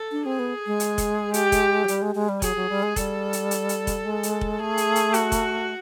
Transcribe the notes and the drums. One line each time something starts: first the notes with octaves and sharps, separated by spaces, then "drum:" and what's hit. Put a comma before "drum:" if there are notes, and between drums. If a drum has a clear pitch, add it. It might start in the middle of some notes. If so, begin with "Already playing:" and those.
Already playing: A4
D4
C4 G#4
B3
G#3
drum: hi-hat
drum: kick F1, hi-hat
G4, drum: hi-hat
drum: kick F1, hi-hat
F#3
G3, drum: hi-hat
G#3
G#3
G3
F#3 G#4, drum: kick F1, hi-hat
F#3
G3
G#3
G3 A4, drum: kick F1, hi-hat
drum: hi-hat
drum: hi-hat
drum: hi-hat
drum: kick F1, hi-hat
G#3
drum: hi-hat
drum: kick F1
A3 G#4
drum: hi-hat
drum: hi-hat
F#4, drum: hi-hat
drum: kick F1, hi-hat